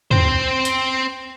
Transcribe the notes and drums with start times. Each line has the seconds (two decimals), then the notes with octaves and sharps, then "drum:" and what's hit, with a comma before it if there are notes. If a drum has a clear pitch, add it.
0.11 C4 C5, drum: tom
0.65 drum: hi-hat